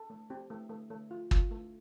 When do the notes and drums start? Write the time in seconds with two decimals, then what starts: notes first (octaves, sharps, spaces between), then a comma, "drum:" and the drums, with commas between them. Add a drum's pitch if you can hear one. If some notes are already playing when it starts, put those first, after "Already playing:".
Already playing: A4
0.10 A3
0.30 C4 G4
0.50 A3
0.70 A3
0.90 A3
1.11 F4
1.31 F4, drum: kick
1.51 A3